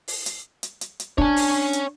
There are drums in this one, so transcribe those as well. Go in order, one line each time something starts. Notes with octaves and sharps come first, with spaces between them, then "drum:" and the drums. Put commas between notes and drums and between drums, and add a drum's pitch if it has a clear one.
drum: open hi-hat
drum: hi-hat
drum: hi-hat
drum: hi-hat
drum: hi-hat
D4 C#5 G#5, drum: kick
drum: open hi-hat
drum: hi-hat